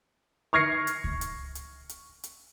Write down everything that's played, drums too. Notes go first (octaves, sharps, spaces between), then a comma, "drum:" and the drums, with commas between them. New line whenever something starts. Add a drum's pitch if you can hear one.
C#6 F6 G#6 A#6 C7 C#7
drum: hi-hat
drum: kick C#2
drum: hi-hat
drum: hi-hat
drum: hi-hat
drum: hi-hat